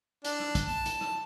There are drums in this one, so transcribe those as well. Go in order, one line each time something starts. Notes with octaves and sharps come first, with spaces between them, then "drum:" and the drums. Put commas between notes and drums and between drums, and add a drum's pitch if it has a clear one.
D4, drum: hi-hat
drum: rim click
drum: kick, hi-hat
A5
drum: hi-hat
drum: rim click